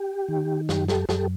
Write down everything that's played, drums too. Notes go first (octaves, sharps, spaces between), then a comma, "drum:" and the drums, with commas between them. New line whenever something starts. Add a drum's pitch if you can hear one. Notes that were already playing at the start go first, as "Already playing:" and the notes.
Already playing: G4
D#3
F#2 G4, drum: snare
G4 A4, drum: snare
F#2 G4 A4, drum: snare